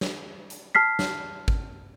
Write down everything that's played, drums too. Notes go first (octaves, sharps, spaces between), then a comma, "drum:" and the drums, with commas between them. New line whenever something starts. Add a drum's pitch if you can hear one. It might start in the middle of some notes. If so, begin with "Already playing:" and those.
drum: snare
drum: hi-hat
A5 F6 B6 C7
drum: snare
drum: kick G#1